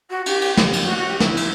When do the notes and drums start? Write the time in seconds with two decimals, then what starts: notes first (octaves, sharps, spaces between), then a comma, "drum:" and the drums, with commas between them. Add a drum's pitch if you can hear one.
0.10 F#4
0.26 G4, drum: cymbal
0.41 drum: cymbal
0.57 drum: snare
0.73 drum: cymbal
0.85 F#4
0.97 F#4
1.09 G4
1.20 E4, drum: snare
1.37 drum: cymbal